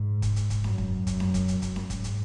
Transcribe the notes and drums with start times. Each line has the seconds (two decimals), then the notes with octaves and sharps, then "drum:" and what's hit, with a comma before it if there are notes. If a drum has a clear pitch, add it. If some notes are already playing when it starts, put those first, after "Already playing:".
Already playing: G#2
0.22 drum: kick, hi-hat
0.36 drum: hi-hat
0.50 drum: kick, hi-hat
0.64 F#2, drum: snare C#4
0.78 drum: kick
1.07 F#2, drum: kick, hi-hat
1.20 drum: snare C#4
1.34 drum: kick, hi-hat
1.48 drum: hi-hat
1.62 drum: kick, hi-hat
1.76 drum: snare C#4
1.90 G#2, drum: kick, hi-hat
2.04 drum: hi-hat